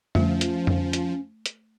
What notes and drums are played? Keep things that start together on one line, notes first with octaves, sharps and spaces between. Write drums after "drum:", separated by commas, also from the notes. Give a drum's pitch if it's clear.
F3 A3 C#4, drum: tom F2
drum: hi-hat
drum: tom F2
drum: hi-hat
drum: hi-hat